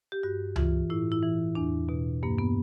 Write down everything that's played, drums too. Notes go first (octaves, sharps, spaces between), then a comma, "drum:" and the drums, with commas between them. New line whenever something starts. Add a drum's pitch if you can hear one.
G4
G2 F#4
E3 F4, drum: tom C#2
A2 E4
E4
E3
E2 D4
B2
G2 A#3
B3